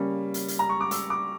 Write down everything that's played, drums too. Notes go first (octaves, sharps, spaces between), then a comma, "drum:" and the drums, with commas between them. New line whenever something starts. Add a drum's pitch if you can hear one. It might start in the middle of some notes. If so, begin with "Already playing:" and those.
Already playing: C#3 G3 A#3 C#4
drum: hi-hat
drum: hi-hat
A#5
C#6
D6
E6, drum: hi-hat
D6